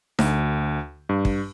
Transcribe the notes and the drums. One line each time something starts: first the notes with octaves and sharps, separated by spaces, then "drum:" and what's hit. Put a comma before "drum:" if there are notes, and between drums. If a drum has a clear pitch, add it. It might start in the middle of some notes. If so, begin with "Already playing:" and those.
D2, drum: snare D#4
G2
drum: kick